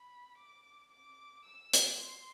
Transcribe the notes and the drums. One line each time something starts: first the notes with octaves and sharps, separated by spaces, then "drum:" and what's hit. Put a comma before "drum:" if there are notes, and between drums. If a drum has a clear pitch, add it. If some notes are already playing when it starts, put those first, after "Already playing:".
Already playing: B5
D6
D6
E6
drum: hi-hat
C6